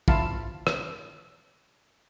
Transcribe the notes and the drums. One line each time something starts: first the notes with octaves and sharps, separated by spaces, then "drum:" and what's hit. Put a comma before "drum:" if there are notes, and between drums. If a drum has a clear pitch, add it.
E4 F4 F5 A5, drum: kick
drum: rim click